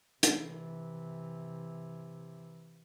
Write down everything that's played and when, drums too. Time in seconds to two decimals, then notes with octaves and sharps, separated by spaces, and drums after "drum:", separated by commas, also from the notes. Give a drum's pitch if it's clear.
0.23 C3 E3, drum: hi-hat